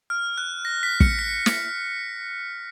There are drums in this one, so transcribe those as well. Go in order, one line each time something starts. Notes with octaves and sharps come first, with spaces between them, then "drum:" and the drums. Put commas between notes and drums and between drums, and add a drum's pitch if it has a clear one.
F6
F#6
A#6
B6
C#7, drum: kick
B6
drum: snare